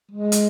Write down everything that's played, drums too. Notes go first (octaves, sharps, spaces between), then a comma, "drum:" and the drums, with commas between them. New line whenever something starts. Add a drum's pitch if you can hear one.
G#3
drum: hi-hat